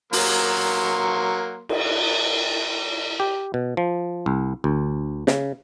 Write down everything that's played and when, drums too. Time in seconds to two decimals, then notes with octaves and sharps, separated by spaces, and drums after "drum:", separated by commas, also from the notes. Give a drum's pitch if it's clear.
0.13 F#3 A#3 C6, drum: open hi-hat
1.69 drum: cymbal
3.20 G4
3.54 B2
3.77 F3
4.26 C2
4.64 D2
5.27 C#3, drum: snare